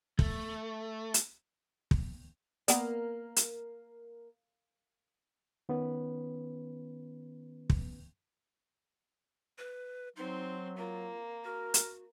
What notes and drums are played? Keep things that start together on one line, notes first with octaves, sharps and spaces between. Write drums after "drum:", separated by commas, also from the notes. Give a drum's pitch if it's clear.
A3, drum: kick
drum: hi-hat
drum: kick
A#3 B3 D5, drum: hi-hat
drum: hi-hat
D#3 B3 C#4 B4
drum: kick
B4
F#3 C4 D#4 C6
A#3 F4
F#4 A#4
drum: hi-hat